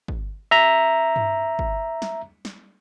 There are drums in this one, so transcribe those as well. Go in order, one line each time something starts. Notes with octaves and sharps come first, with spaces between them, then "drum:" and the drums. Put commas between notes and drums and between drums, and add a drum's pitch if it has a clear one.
drum: kick
E5 A#5
drum: tom G2
drum: kick
drum: snare
drum: snare